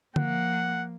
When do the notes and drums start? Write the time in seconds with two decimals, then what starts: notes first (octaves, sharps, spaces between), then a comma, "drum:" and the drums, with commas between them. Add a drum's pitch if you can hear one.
0.16 F3 A#3 F#5, drum: tom D3